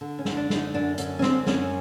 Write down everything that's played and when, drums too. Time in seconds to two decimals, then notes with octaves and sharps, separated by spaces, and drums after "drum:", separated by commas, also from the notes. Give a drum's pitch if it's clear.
0.01 D3
0.18 C#4
0.25 D3, drum: snare
0.37 D4
0.50 D3, drum: snare
0.56 D#4
0.74 F#2 D4
0.98 D3 C#4, drum: hi-hat
1.19 C#4
1.22 F#2 C4, drum: snare
1.47 F#2 C#4, drum: snare